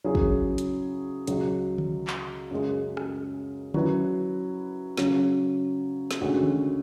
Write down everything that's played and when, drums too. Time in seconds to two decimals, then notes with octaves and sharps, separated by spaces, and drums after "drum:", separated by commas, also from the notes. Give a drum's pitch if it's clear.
0.04 C#3 F#3 C#4 E4 G#4
0.15 drum: kick
0.58 drum: hi-hat
1.27 C#2 C#3 F#3, drum: hi-hat
1.78 drum: tom D3
2.07 drum: clap
2.51 F#2 C#3 G#3
2.97 drum: rim click
3.74 F#3 C#4 E4 B4, drum: tom D3
4.97 C#3 F#3 C#4, drum: snare
6.11 drum: snare
6.21 D2 C#3 G#3 C#4 F#4
6.43 drum: tom D3